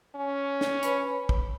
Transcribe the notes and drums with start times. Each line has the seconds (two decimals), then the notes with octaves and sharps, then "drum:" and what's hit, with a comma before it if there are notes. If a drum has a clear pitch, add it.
0.16 C#4
0.61 drum: snare
0.83 B4 C#5 B5, drum: hi-hat
1.29 drum: kick